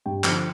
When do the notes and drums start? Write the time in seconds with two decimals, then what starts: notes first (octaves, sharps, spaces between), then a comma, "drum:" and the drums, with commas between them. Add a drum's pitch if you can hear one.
0.06 G2 G5
0.24 D3 F3, drum: clap